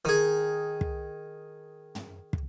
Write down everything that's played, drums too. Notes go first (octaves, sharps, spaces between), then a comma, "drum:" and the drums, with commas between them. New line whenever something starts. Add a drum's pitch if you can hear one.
D#3 G#4
drum: kick
drum: tom
drum: kick